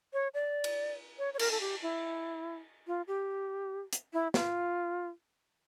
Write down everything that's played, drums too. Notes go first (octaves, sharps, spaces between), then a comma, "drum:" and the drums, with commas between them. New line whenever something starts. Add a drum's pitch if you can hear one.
C#5
D5
drum: cymbal
C#5
C#5
A#4, drum: cymbal
A4
G4
E4
F4
G4
drum: hi-hat
E4
F4, drum: snare